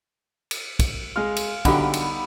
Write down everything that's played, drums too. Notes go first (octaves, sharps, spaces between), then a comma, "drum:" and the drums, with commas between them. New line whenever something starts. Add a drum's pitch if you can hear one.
drum: cymbal
drum: kick, cymbal
G#3 F5 F6
drum: cymbal
D3 F#3 G3 B3 D#4 G4, drum: kick, cymbal
drum: cymbal